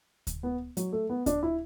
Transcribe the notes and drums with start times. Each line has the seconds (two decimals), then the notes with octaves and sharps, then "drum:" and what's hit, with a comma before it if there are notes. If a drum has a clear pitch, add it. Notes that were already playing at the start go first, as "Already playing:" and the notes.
0.27 drum: kick D2, hi-hat
0.43 B3
0.77 F#3, drum: hi-hat
0.93 A3
1.10 B3
1.26 D4, drum: kick D2, hi-hat
1.43 E4